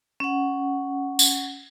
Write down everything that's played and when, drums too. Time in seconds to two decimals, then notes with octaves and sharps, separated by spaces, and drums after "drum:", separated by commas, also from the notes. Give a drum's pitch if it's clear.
0.20 C#4 F#5
1.19 drum: tambourine